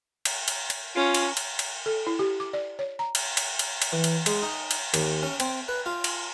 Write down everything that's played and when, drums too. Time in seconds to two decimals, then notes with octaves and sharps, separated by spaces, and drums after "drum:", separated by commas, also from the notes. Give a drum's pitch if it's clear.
0.25 drum: cymbal
0.48 drum: cymbal
0.70 drum: cymbal
0.96 C#4 F4
1.14 drum: cymbal
1.37 drum: cymbal
1.59 drum: cymbal
1.86 A4
2.07 E4
2.19 G4
2.40 D6
2.53 D5
2.79 C#5
2.99 A#5
3.15 drum: cymbal
3.37 drum: cymbal
3.59 drum: cymbal
3.82 drum: cymbal
3.93 E3
4.04 drum: cymbal
4.26 G#3, drum: cymbal
4.42 D#4
4.71 drum: cymbal
4.94 D#2, drum: cymbal
5.23 C#4
5.40 C4, drum: cymbal
5.68 B4
5.86 F4
6.04 drum: cymbal